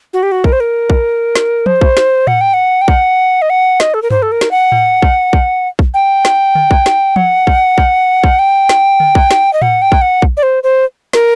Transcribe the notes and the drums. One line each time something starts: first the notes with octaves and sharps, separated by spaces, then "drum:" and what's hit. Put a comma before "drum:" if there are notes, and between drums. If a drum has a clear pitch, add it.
F#4
G4
F#4
A#4, drum: kick A#1
C5
A#4
drum: kick A#1
drum: snare
C5, drum: tom F3
drum: kick A#1
drum: snare
F#5, drum: tom A2
G5
F#5
G5
F#5, drum: kick A#1
D#5
F#5
D#5, drum: snare
A4
A#4
C5, drum: tom G2
A4
A#4
drum: snare
F#5
drum: tom A2
drum: kick A#1
drum: kick A#1
drum: kick A#1
G5
drum: snare
drum: tom D3
drum: kick A#1
drum: snare
F#5, drum: tom F3
drum: kick A#1
drum: kick A#1
drum: kick A#1
G5
drum: snare
drum: tom D3
drum: kick A#1
drum: snare
D#5
F#5, drum: tom A2
G5
drum: kick A#1
F#5
drum: kick A#1
D5
C5
C5
A#4, drum: snare